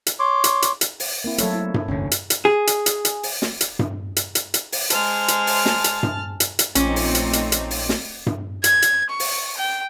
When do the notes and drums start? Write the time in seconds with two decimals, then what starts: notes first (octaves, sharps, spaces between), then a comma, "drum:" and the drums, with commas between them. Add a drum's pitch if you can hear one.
0.06 drum: hi-hat
0.19 C#5 C6 D6
0.44 drum: hi-hat
0.62 drum: hi-hat
0.81 drum: hi-hat
1.00 drum: open hi-hat
1.24 A#3 C4 E4
1.38 F#3 A3 A#3 A4 C#5 E5, drum: hi-hat
1.55 E4
1.74 drum: tom G2
1.88 F1 D2 D3 C#4
2.11 drum: hi-hat
2.30 drum: hi-hat
2.45 G#4
2.67 drum: hi-hat
2.86 drum: hi-hat
3.05 drum: hi-hat
3.23 drum: open hi-hat
3.42 drum: snare
3.61 drum: hi-hat
3.79 drum: tom G2
4.16 drum: hi-hat
4.35 drum: hi-hat
4.54 drum: hi-hat
4.72 drum: open hi-hat
4.90 G#3 C5 A5 F6, drum: hi-hat
5.28 drum: hi-hat
5.47 drum: open hi-hat
5.66 drum: snare
5.84 drum: hi-hat
6.03 drum: tom G2
6.40 drum: hi-hat
6.59 drum: hi-hat
6.75 A#1 A3 C4 C#4 D#4 F4 D6, drum: hi-hat
6.96 drum: open hi-hat
7.15 drum: hi-hat
7.33 drum: hi-hat
7.52 drum: hi-hat
7.71 drum: open hi-hat
7.89 drum: snare
8.26 drum: tom G2
8.64 G#6, drum: hi-hat
8.82 drum: hi-hat
9.10 C#6
9.20 drum: open hi-hat
9.56 G5